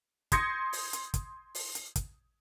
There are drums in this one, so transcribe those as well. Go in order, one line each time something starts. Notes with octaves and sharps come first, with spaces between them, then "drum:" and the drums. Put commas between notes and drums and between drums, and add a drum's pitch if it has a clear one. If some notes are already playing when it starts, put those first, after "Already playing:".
C6 D#6 G6 G#6 A#6 C#7, drum: kick, hi-hat
drum: open hi-hat
drum: hi-hat
drum: kick, hi-hat
drum: open hi-hat
drum: hi-hat
drum: kick, hi-hat